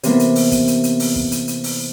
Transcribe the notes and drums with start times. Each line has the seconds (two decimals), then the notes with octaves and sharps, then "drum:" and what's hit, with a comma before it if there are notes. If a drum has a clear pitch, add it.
0.03 C3 E3 A#3 B3, drum: hi-hat
0.19 drum: hi-hat
0.35 drum: open hi-hat
0.51 drum: kick, hi-hat
0.68 drum: hi-hat
0.84 drum: hi-hat
1.00 drum: open hi-hat
1.16 drum: kick
1.32 drum: hi-hat
1.48 drum: hi-hat
1.64 drum: open hi-hat